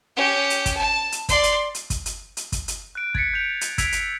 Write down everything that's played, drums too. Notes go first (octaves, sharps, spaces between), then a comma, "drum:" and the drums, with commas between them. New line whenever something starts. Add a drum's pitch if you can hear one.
C#4 G4
drum: hi-hat
drum: kick, hi-hat
A5
drum: hi-hat
D5 C6, drum: kick, hi-hat
drum: hi-hat
drum: hi-hat
drum: kick, hi-hat
drum: hi-hat
drum: hi-hat
drum: kick, hi-hat
drum: hi-hat
F#6 D7
G#6 A6 B6 C#7, drum: kick
G6 C#7 D7 F7
drum: hi-hat
E6 G#6 B6 D7 F7, drum: kick, hi-hat
drum: hi-hat